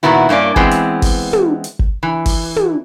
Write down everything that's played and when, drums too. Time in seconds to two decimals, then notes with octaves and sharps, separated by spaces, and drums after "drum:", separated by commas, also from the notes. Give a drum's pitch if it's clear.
0.03 A#2 D#3 B3 E4 F#4
0.29 G2 A#3 C#4 D5
0.56 E3 G#3 B3 C4, drum: kick G#1
0.71 drum: hi-hat
1.02 drum: kick G#1, open hi-hat
1.33 drum: tom
1.64 drum: hi-hat
1.79 drum: kick G#1
2.03 E3
2.26 drum: kick G#1, open hi-hat
2.56 drum: tom